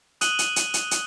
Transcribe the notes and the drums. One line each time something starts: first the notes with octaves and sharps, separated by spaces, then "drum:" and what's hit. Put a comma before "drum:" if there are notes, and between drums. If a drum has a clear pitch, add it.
D#6 F#6 D#7 F#7 G7, drum: hi-hat
drum: hi-hat
drum: hi-hat
drum: hi-hat
drum: hi-hat